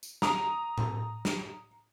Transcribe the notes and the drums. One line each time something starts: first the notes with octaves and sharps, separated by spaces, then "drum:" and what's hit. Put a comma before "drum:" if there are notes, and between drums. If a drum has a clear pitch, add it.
drum: tambourine
A#5 D#6, drum: snare
drum: tom A2
drum: snare